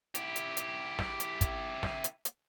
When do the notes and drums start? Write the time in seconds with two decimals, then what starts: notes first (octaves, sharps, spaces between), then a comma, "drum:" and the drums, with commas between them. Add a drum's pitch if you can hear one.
0.15 E4 G4, drum: hi-hat
0.36 drum: hi-hat
0.57 drum: hi-hat
0.99 drum: snare
1.20 drum: hi-hat
1.41 drum: kick, hi-hat
1.83 drum: snare
2.04 drum: hi-hat
2.25 drum: hi-hat